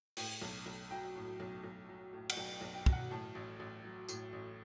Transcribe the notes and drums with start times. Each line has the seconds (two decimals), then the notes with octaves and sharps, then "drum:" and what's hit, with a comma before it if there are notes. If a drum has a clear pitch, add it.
0.17 A2 G5, drum: open hi-hat
0.42 B1
0.66 B1
0.91 F#3 G5
1.16 A2
1.40 B1
1.64 B1
1.89 F#3
2.13 A2
2.30 F#5, drum: cymbal
2.37 B1 G5
2.55 G5
2.61 B1
2.74 G5
2.86 F#3, drum: kick
2.92 F#5
3.11 A2 A5
3.35 A1
3.60 A1
3.84 F#3
4.09 A2, drum: tambourine
4.33 A1